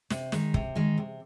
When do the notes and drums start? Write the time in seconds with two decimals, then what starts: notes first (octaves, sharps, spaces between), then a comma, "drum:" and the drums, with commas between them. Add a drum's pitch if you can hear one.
0.10 C3, drum: snare
0.32 D#3 G#3, drum: snare
0.54 C3, drum: kick
0.76 D#3 G#3
0.97 C3